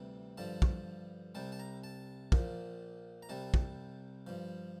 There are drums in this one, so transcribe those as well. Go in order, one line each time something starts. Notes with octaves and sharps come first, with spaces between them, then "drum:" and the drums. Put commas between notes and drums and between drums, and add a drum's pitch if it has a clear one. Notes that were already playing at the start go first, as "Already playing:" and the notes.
Already playing: D2 C3 E3 G3
G2 D3 F3 A5
drum: kick
C2 C3 G3 A5
A5
A#5
A5
A#1 A#2 F3, drum: kick
A#5
C2 C3 G3 A5
drum: kick
G2 F3